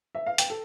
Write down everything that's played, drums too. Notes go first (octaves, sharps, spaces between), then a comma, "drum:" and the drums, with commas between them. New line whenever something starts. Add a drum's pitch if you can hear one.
E5
F5
G5, drum: hi-hat
A4